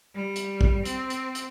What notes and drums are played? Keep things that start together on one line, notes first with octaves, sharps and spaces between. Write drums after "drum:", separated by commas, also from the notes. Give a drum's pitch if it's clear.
G3
drum: hi-hat
drum: kick
C4, drum: hi-hat
drum: hi-hat
drum: hi-hat